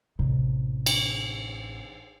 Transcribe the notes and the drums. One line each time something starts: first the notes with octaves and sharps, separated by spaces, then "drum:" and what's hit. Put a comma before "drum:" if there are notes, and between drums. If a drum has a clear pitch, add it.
A1 C3
drum: cymbal